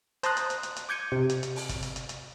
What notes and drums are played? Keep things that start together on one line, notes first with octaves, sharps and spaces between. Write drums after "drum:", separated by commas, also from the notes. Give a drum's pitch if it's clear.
C5 A5 A#5 C6 D#6 F#6, drum: hi-hat
drum: hi-hat
drum: hi-hat
drum: hi-hat
drum: hi-hat
D6 G6 G#6 C#7 D#7
C3
drum: hi-hat
drum: hi-hat
drum: open hi-hat
drum: kick, hi-hat
drum: hi-hat
drum: hi-hat
drum: hi-hat